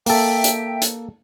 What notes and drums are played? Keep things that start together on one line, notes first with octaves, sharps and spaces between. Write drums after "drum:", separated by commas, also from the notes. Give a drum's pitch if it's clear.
A#3 A4 E5 G5, drum: open hi-hat
drum: hi-hat
drum: hi-hat